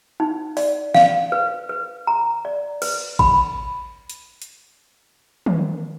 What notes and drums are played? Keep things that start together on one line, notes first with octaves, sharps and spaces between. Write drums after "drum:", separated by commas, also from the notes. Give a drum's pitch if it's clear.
D#4
D5, drum: open hi-hat
F5, drum: snare
B4
B4
A#5
D5
B4, drum: cymbal
B5, drum: kick A1
drum: hi-hat
drum: hi-hat
drum: tom D#3